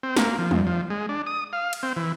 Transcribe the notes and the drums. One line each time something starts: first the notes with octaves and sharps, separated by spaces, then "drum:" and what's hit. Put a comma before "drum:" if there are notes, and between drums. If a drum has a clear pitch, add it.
C4
A#3, drum: snare
F3
F2, drum: tom
F3
G#3
D4
D#6
F5
drum: cymbal
C4
E3